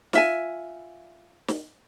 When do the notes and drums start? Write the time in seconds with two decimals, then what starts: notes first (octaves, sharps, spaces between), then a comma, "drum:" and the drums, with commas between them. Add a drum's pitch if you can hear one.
0.13 F4 E5 G#5, drum: snare
1.48 drum: snare